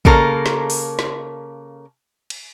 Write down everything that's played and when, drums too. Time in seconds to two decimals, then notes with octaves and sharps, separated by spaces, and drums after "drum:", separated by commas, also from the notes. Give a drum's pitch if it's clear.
0.05 C#3 A#3 A4 A#4, drum: kick
0.46 drum: snare
0.70 drum: open hi-hat
0.99 drum: snare
2.30 drum: cymbal